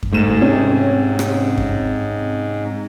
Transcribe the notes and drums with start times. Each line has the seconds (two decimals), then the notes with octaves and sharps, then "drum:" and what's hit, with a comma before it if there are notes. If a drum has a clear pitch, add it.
0.03 drum: kick F#2
0.13 D2 G#2 E7
0.41 C3 C#4
1.19 drum: rim click
1.58 drum: kick F#2